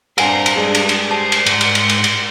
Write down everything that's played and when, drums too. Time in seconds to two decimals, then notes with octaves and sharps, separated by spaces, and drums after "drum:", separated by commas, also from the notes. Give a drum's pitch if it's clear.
0.18 G2 C4 B4 F5 F#5 G#5 A#5 C6, drum: cymbal
0.46 drum: cymbal
0.56 G2 G3 G#3 G4 G#4
0.75 drum: cymbal
0.89 drum: cymbal
1.11 C5 A5
1.32 drum: cymbal
1.46 G#2 F#5 C6, drum: cymbal
1.61 drum: cymbal
1.75 drum: cymbal
1.89 drum: cymbal
2.04 drum: cymbal